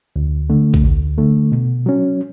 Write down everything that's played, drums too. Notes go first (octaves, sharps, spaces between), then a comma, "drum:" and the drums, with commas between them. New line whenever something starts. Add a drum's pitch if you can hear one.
D2
D3 A3
drum: kick
D2
D3 A3
B2
F#3 C#4